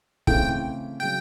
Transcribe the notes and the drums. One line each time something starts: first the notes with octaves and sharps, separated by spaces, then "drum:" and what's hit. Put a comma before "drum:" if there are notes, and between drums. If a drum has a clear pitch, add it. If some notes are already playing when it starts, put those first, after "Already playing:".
C#3 E3 A3 C4 G5, drum: kick
C#3 F#3 G5